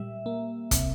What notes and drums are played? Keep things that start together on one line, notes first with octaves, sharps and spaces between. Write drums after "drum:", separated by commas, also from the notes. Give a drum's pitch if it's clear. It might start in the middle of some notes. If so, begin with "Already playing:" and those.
Already playing: A#2 G3 E5
A#3
C3, drum: kick, hi-hat